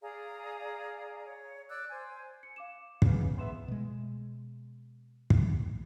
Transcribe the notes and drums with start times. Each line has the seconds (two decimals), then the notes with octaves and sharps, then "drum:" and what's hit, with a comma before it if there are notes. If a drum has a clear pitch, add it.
0.03 G#4 D5 F5 A#5
1.25 C#5
1.69 D5 D6 E6 F#6
1.90 C5 G#5
2.43 C#7
2.56 F5 D6 E7
3.02 C#3 E3 B3, drum: kick
3.38 B3 E5 C6 E7
3.68 B2 G#3
5.30 drum: kick